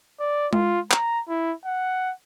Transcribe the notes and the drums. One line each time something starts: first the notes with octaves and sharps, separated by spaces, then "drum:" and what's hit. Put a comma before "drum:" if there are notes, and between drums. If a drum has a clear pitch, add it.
D5
F4, drum: tom G#3
A#5, drum: clap
E4
F#5